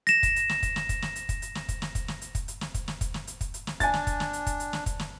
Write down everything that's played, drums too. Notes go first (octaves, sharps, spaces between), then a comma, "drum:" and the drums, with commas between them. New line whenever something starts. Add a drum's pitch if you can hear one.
A#6 E7, drum: hi-hat
drum: kick, hi-hat
drum: hi-hat
drum: snare
drum: kick, hi-hat
drum: snare
drum: kick, hi-hat
drum: snare
drum: hi-hat
drum: kick, hi-hat
drum: hi-hat
drum: snare
drum: kick, hi-hat
drum: snare
drum: kick, hi-hat
drum: snare
drum: hi-hat
drum: kick, hi-hat
drum: hi-hat
drum: snare
drum: kick, hi-hat
drum: snare
drum: kick, hi-hat
drum: snare
drum: hi-hat
drum: kick, hi-hat
drum: hi-hat
drum: snare
D4 G#5 A6, drum: kick, hi-hat
drum: snare
drum: kick, hi-hat
drum: snare
drum: hi-hat
drum: kick, hi-hat
drum: hi-hat
drum: snare
drum: kick, hi-hat
drum: snare